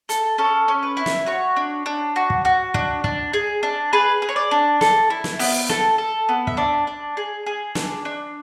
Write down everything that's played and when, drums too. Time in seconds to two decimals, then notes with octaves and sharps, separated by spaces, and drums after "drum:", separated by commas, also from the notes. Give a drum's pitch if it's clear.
0.09 A4, drum: hi-hat
0.38 C#4 A4
0.68 C#4
0.83 B4
0.97 E4
1.06 drum: snare
1.26 F#4 C#5
1.56 D4
1.86 D4
2.16 F#4
2.30 drum: kick
2.45 F#4
2.74 D4, drum: kick
3.04 D4, drum: kick
3.33 G#4
3.63 D4
3.93 G#4 B4
4.22 G#4
4.29 C#5
4.36 D5
4.51 D4
4.81 A4, drum: snare
5.10 E4
5.24 drum: snare
5.39 B3, drum: open hi-hat
5.69 A4, drum: snare
5.98 A4
6.29 B3
6.47 E5, drum: kick
6.57 D4 D5
6.87 D4
7.17 G#4
7.46 G#4
7.75 D4, drum: snare
8.05 D4